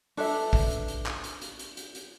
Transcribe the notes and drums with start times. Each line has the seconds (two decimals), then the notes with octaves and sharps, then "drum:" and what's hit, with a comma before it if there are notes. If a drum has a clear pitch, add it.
0.17 D4 A4 B4 E5, drum: open hi-hat
0.53 drum: kick A#1, open hi-hat
0.71 drum: hi-hat
0.88 drum: hi-hat
1.06 drum: clap
1.24 drum: hi-hat
1.42 drum: hi-hat
1.59 drum: hi-hat
1.77 drum: hi-hat
1.95 drum: hi-hat